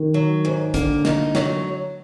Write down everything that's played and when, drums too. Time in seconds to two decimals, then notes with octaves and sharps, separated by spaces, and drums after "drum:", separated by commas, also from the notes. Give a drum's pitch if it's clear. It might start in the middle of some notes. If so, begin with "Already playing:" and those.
Already playing: D#3
0.14 F#3
0.45 G#2
0.74 D3 A#3, drum: kick, hi-hat
1.05 D#4, drum: snare
1.35 F#3, drum: snare